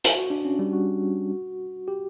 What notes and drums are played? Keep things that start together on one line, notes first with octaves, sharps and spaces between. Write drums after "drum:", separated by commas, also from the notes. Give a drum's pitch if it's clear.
drum: hi-hat
F#4
D4
C#4
G3
F#4
G4